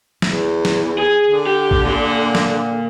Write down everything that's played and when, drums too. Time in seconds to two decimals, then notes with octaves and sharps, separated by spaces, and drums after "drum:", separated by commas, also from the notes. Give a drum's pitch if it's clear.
0.22 E2, drum: snare
0.65 drum: snare
0.98 G#4
1.27 D3
1.47 G4
1.71 drum: kick A1
1.85 A#2 C6
2.35 drum: snare